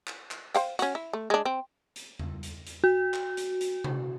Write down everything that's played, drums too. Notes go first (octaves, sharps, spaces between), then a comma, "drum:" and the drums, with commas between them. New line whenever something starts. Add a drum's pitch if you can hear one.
drum: clap
drum: clap
C5 F5 G5, drum: hi-hat
C#4 F#4, drum: hi-hat
E4
A3
G#3 D4
C4
drum: hi-hat
drum: tom E2
drum: hi-hat
drum: hi-hat
F#4
drum: clap
drum: hi-hat
drum: hi-hat
drum: tom C3